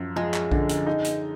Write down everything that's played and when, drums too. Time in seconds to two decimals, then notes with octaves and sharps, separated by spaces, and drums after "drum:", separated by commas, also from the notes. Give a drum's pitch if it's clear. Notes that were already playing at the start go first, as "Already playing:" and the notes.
Already playing: F#2 F3
0.16 F3 G#3
0.34 drum: clap
0.51 D3, drum: kick A#1
0.69 drum: hi-hat
0.87 D#4
1.05 drum: hi-hat